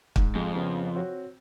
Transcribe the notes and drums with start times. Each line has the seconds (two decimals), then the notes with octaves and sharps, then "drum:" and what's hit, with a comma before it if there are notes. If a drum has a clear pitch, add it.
0.16 G#2, drum: kick
0.35 F2 G#3
0.55 C#3 B3
0.95 C4 F#4 C#5